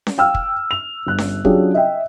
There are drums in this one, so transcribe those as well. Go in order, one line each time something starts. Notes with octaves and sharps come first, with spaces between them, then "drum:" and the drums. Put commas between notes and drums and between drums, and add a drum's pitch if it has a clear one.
drum: snare C#4
F5 G5 E6 F6
drum: kick
F7
G1 F#6
drum: snare C#4
F#3 C#4 D4 F4 G4 G#4, drum: kick
D#5 E5 G5